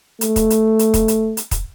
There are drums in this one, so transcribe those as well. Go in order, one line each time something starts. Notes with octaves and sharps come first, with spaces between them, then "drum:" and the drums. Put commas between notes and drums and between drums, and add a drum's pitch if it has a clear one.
A3, drum: hi-hat
drum: kick, hi-hat
drum: hi-hat
drum: hi-hat
drum: kick, hi-hat
drum: hi-hat
drum: hi-hat
drum: kick, hi-hat